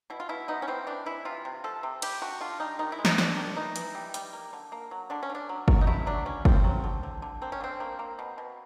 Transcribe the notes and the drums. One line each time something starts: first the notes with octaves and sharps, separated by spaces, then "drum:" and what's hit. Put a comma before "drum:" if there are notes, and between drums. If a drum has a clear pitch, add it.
B2 E4
F4
B2 E4
B3 D#4
C#4
E3 C4
E3 D4
E3 E4
C3 F4
C3
F3 A4
C3
G3 G4, drum: cymbal
D3 F#4
D3 F4
G3 D#4
D#3 D#4
E4
G#3
D#4, drum: snare
D#3 D4, drum: snare
D#3
E3 D#4
E3, drum: hi-hat
G3
G3, drum: hi-hat
A#3
D3
A#3
F#3
D3 D4
C#4
D3
D4
F#3
F#3, drum: kick
D#4
A3 E4
F#3 D4
C#3 C#4
C#3 C4, drum: kick
F#3
D3
D3
D3
A#3 C4
C#4
D3 C4
A#3
A#3
B2
B2